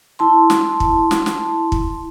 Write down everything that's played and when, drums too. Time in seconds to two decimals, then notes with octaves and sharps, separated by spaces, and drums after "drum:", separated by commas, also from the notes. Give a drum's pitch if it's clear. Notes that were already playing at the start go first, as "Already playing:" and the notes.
0.19 E4 A5 C6
0.50 drum: snare
0.80 drum: kick
1.11 drum: snare
1.26 drum: snare
1.72 drum: kick